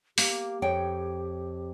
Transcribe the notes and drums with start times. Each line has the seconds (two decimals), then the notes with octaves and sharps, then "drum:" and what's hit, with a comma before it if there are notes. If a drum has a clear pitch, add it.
0.18 A#3 G4, drum: open hi-hat
0.62 F2 C#5 G5